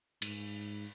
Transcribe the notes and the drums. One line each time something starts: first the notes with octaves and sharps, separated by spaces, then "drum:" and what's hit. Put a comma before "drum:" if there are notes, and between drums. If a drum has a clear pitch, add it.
G#2, drum: cymbal